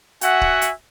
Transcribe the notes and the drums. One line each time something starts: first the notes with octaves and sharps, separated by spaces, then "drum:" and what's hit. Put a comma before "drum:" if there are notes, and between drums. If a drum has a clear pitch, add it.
F#4 E5 F#5 G#5, drum: hi-hat
drum: kick
drum: hi-hat